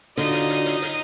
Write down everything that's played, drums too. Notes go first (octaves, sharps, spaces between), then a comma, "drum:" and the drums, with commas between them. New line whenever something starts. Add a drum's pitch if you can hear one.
D3 D#4 F4 F#4 D#5, drum: hi-hat
drum: hi-hat
drum: hi-hat
drum: hi-hat
drum: hi-hat